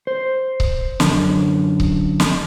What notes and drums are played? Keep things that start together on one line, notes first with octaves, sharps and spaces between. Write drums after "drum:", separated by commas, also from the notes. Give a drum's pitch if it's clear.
C5
drum: kick C#1
F#2 D3, drum: snare
drum: kick C#1
drum: snare